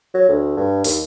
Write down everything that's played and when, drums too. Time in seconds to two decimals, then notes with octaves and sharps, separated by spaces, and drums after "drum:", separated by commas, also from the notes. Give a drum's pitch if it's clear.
0.14 F#3
0.29 D2
0.57 G2
0.84 D#2, drum: open hi-hat